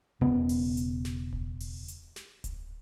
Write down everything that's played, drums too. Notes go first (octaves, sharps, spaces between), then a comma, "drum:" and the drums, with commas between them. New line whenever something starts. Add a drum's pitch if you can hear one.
E1 C#3 B3, drum: tom E2
drum: open hi-hat
drum: hi-hat
drum: snare
drum: kick D1
drum: open hi-hat
drum: hi-hat
drum: snare
drum: kick D1, hi-hat